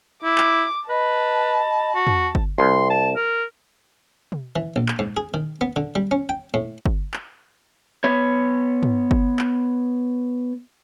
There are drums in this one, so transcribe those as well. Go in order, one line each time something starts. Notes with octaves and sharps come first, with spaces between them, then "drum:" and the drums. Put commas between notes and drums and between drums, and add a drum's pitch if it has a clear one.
E4 D6
drum: clap
B4 D#5 A5 B5
F#4
drum: tom
drum: kick G1
C2 C6
A5
A#4
drum: tom
E3
A#1
drum: clap
G#2
G#4
D#3
B3
D3
G3
C#4
G5
A2
drum: kick G1
drum: clap
B3 C#5
drum: tom
drum: kick G1
drum: clap